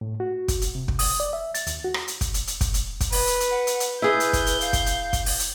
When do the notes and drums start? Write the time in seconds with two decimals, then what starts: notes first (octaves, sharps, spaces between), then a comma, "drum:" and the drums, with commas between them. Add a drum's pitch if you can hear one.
0.01 A2
0.20 F#4
0.48 drum: kick, hi-hat
0.62 drum: hi-hat
0.75 C3
0.88 drum: kick
0.99 D#6, drum: open hi-hat
1.20 D5
1.33 E5
1.54 A6, drum: hi-hat
1.67 D#2, drum: hi-hat
1.84 F#4
1.94 drum: rim click
2.08 drum: hi-hat
2.21 drum: kick, hi-hat
2.34 drum: hi-hat
2.47 drum: hi-hat
2.61 drum: kick, hi-hat
2.74 drum: hi-hat
3.00 drum: kick, hi-hat
3.12 B4, drum: open hi-hat
3.27 drum: hi-hat
3.40 drum: hi-hat
3.50 F#5
3.67 drum: hi-hat
3.80 drum: hi-hat
4.02 E4 G#4 B4 G6
4.20 drum: hi-hat
4.33 drum: kick, hi-hat
4.46 drum: hi-hat
4.61 F5, drum: hi-hat
4.73 drum: kick, hi-hat
4.86 drum: hi-hat
5.13 drum: kick, hi-hat
5.26 drum: open hi-hat
5.39 drum: hi-hat